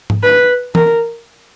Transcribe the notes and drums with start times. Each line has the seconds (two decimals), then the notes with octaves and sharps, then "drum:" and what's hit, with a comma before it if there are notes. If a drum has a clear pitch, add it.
0.10 drum: tom G#2
0.23 B4
0.75 A#4, drum: tom